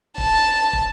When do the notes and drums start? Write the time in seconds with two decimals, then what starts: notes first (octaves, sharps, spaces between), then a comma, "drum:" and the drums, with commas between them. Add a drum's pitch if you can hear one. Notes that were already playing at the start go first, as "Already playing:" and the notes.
0.18 A5, drum: kick
0.73 drum: kick